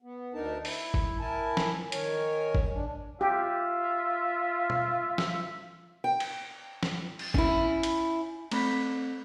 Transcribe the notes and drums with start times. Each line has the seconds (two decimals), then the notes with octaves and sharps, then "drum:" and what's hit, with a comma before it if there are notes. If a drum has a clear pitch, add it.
0.02 B3
0.34 D2 D4 D#4 A#4 A5
0.65 E4, drum: open hi-hat
0.94 drum: kick G#1
1.20 E4 A#4 G#5 A5
1.57 drum: snare
1.92 D#3 A#4 C#5 G#5, drum: hi-hat
2.55 drum: kick G#1
2.74 D4
3.21 F4 G4 E5
4.70 drum: tom B2
5.18 drum: snare
6.04 G5
6.20 drum: cymbal
6.83 drum: snare
7.19 drum: cymbal
7.34 C#4 E4, drum: kick G#1
7.83 drum: hi-hat
8.52 A3 C4 B5 F#6 B6, drum: cymbal